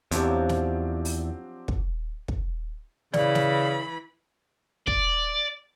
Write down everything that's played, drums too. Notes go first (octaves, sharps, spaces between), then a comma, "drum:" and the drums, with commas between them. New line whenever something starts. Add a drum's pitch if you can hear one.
E2 F3 F#3 C4 D4 G4, drum: hi-hat
drum: snare
drum: open hi-hat
drum: kick
drum: kick
C#3 E3 D5 B5, drum: snare
drum: snare
D5, drum: kick